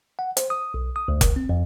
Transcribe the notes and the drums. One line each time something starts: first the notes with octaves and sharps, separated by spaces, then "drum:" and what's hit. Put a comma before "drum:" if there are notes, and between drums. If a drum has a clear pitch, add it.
F#5
C5, drum: hi-hat
D#6
B1
D#6
D2
C2, drum: kick F1, hi-hat
C4
F2